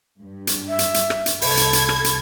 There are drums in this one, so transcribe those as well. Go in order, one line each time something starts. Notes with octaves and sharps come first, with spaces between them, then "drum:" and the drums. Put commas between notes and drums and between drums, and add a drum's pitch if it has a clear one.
G2
drum: hi-hat
E5
drum: hi-hat
drum: hi-hat
drum: rim click
drum: hi-hat
C2 A4 B5 G#6, drum: open hi-hat
drum: hi-hat
drum: hi-hat
drum: rim click
drum: hi-hat